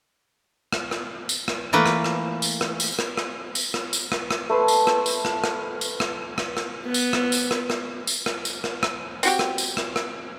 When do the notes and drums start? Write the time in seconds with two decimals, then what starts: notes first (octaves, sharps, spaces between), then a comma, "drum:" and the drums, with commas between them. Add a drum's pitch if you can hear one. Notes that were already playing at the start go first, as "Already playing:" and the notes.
0.73 drum: rim click
0.91 drum: rim click
1.29 drum: tambourine
1.48 drum: rim click
1.73 E3 A3 A#3 B4
1.86 drum: rim click
2.04 drum: rim click
2.42 drum: tambourine
2.61 drum: rim click
2.80 drum: tambourine
2.99 drum: rim click
3.17 drum: rim click
3.55 drum: tambourine
3.74 drum: rim click
3.93 drum: tambourine
4.12 drum: rim click
4.31 drum: rim click
4.49 A3 B4 C5
4.68 drum: tambourine
4.87 drum: rim click
5.06 drum: tambourine
5.25 drum: rim click
5.44 drum: rim click
5.81 drum: tambourine
6.00 drum: rim click
6.38 drum: rim click
6.57 drum: rim click
6.85 B3 B4
6.94 drum: tambourine
7.13 drum: rim click
7.32 drum: tambourine
7.51 drum: rim click
7.70 drum: rim click
8.07 drum: tambourine
8.26 drum: rim click
8.45 drum: tambourine
8.64 drum: rim click
8.83 drum: rim click
9.23 C4 F#4 G4, drum: tambourine
9.39 drum: rim click
9.58 drum: tambourine
9.77 drum: rim click
9.96 drum: rim click